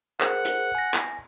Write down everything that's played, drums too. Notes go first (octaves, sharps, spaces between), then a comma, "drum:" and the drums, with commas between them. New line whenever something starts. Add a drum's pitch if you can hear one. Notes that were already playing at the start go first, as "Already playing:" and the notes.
G#4 A#4 C5 F#5, drum: clap
drum: hi-hat
G#5 A#6
drum: clap